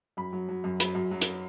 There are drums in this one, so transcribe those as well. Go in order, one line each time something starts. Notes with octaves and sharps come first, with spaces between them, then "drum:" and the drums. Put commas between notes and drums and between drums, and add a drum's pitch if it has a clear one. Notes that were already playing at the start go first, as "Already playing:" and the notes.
F#2 B5
F#3
F#3
F#2
F#3 B5, drum: hi-hat
F#2
F#3
drum: hi-hat